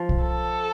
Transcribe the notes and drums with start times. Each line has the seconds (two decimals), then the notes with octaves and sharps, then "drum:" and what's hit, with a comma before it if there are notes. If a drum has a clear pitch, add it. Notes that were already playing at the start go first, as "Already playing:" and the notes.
Already playing: F3
0.09 drum: kick
0.23 A4